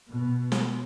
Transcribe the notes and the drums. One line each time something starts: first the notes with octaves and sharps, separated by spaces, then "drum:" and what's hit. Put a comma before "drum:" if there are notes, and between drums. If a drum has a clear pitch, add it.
B2
drum: snare